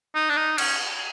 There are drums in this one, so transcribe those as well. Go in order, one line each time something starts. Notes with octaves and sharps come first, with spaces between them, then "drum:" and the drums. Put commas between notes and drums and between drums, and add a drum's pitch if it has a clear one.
D#4
D4
D#4
C#4, drum: cymbal